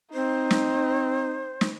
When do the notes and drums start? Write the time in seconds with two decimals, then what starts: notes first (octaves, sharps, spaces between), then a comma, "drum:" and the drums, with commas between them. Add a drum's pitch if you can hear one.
0.14 C4 D#4 C5
0.51 drum: snare
1.61 drum: snare